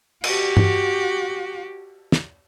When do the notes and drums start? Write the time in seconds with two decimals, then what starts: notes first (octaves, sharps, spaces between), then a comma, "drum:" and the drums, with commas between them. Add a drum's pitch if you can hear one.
0.24 F#4 G4, drum: cymbal
0.57 drum: tom G2
2.12 drum: snare